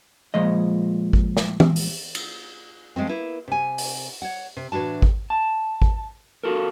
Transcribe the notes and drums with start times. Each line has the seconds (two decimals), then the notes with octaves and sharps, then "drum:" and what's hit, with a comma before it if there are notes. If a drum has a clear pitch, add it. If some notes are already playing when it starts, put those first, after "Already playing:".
0.34 A#2 F3 G#3 D#5
1.13 drum: kick G#1
1.37 drum: snare
1.60 drum: tom
1.76 drum: open hi-hat
2.15 drum: cymbal
2.96 F3 G#3 A3 C4
3.09 A#3 E4 B4
3.48 C3 G#5
3.78 drum: open hi-hat
4.22 C#5 F#5
4.57 C3
4.72 A2 E3 D4 F#4 A5
5.02 drum: kick G#1
5.30 A5
5.82 drum: kick G#1
6.44 F4 F#4 A4 A#4